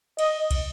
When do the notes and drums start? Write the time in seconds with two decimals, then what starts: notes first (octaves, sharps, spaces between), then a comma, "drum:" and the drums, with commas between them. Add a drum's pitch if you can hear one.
0.19 D#5, drum: cymbal
0.51 drum: kick, cymbal